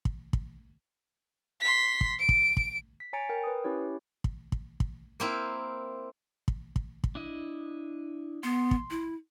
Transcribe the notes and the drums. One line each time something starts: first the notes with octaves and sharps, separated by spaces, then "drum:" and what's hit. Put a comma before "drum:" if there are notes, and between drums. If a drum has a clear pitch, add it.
drum: kick
drum: kick
C6 B6
drum: kick
D7
drum: kick
drum: kick
B6
C#5 G#5 A#5 A6 C#7 D7
A#4 G5
B4 D#6
C#4 E4 G4 C#5
drum: kick
drum: kick
drum: kick
A#3 C4 E4
drum: kick
drum: kick
drum: kick
D4 E4 D#5
B3 C6
drum: kick
E4